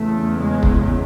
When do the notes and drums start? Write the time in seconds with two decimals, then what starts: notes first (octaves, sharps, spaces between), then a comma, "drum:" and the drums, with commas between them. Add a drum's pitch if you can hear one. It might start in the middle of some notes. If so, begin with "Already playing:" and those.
Already playing: E2 C#3 A3
0.39 G#3
0.63 drum: kick